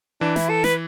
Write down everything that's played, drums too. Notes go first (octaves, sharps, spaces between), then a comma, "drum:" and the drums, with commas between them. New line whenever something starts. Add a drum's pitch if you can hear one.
E3 D4
E4, drum: snare
A4
B4, drum: snare